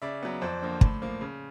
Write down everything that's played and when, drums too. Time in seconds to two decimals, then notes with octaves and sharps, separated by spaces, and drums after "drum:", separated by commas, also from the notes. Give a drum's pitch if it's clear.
0.02 C#3 D5 E5
0.23 F#3 B3
0.41 F2 C5 D5
0.62 D3 F3 A#3
0.81 A2, drum: kick
1.02 F3 A#3
1.21 C#3